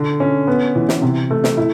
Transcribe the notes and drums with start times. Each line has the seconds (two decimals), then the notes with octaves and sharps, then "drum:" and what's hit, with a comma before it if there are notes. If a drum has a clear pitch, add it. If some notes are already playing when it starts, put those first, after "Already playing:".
Already playing: D3
0.20 C#4
0.47 B3
0.75 E3
0.89 drum: snare
1.02 C3
1.31 A3
1.44 drum: snare
1.57 E4